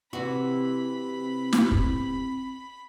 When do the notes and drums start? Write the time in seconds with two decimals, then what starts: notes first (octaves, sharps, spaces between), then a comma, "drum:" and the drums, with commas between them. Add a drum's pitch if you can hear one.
0.13 C3 E3 C4 F#4 B5
1.53 drum: snare
1.72 drum: kick